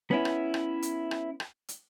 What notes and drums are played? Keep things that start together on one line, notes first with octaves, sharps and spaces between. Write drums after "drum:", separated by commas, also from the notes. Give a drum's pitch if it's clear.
B3 C#4 E4
drum: rim click
drum: rim click
drum: hi-hat
drum: rim click
drum: rim click
drum: hi-hat